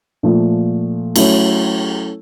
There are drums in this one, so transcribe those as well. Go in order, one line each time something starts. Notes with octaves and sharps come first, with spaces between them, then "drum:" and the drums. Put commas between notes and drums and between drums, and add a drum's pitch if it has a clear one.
A#2 F3 A3
F#3 A3 C#4 E4, drum: cymbal